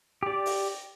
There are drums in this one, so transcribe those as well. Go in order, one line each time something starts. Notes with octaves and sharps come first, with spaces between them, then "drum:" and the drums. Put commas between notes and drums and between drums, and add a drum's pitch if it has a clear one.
G4 D5
drum: open hi-hat